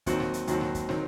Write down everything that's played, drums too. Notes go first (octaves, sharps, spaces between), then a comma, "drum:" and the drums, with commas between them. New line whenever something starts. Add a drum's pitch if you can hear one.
D#2 D#3 F#3 C4 F#4, drum: kick, hi-hat
drum: snare
drum: hi-hat
D#2 D#3 F#3 C4 F#4, drum: hi-hat
drum: snare
drum: kick, hi-hat
D#3 F#3 C4, drum: snare